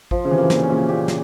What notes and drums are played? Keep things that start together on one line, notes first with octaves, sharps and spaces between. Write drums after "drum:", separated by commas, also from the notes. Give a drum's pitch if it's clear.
F3, drum: kick A1
C#3
C3 E3
A#3
E3
A#2 C#3, drum: snare
C#4
A#2 C#3
A#2 C#3 G4
drum: snare